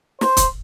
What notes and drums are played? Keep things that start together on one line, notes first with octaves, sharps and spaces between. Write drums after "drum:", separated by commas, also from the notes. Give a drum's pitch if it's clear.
C5, drum: snare
drum: kick, hi-hat